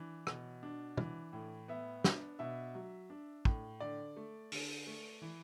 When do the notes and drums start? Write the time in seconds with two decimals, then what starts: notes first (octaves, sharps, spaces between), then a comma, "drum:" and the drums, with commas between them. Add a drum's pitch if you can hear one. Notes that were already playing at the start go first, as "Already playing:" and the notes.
Already playing: E3 D4
0.27 B2, drum: rim click
0.63 D4
0.97 E3, drum: tom
1.33 A2
1.68 B3 E5
2.04 D4, drum: snare
2.39 B2 E5
2.75 F#3
3.10 D4
3.45 A2, drum: kick
3.80 D3 D5
4.16 A3
4.52 D3, drum: open hi-hat
4.87 A3
5.22 E3